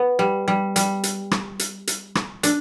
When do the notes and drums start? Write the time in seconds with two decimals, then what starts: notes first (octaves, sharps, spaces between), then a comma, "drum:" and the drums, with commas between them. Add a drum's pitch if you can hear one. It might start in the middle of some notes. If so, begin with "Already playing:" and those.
Already playing: B3
0.19 G3
0.48 G3
0.76 G3, drum: hi-hat
1.03 drum: hi-hat
1.31 drum: rim click
1.59 drum: hi-hat
1.87 drum: hi-hat
2.15 drum: rim click
2.43 D4, drum: hi-hat